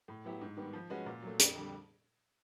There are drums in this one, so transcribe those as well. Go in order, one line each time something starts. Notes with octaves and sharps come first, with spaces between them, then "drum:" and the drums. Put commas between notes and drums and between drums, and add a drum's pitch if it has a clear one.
A2
F#3 B3 E4 G4
G#2
D#3 G3 B3
F3
G#3 C#4 F#4 B4
A#2
F#3 A3
F2, drum: hi-hat
D3 G3